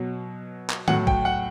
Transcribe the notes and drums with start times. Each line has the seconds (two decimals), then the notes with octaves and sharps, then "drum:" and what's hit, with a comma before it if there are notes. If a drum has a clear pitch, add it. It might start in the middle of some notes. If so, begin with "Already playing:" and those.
Already playing: B2 F#3
0.70 drum: clap
0.88 A2 F#3 F#5, drum: tom D#3
1.07 G5, drum: kick
1.25 F#5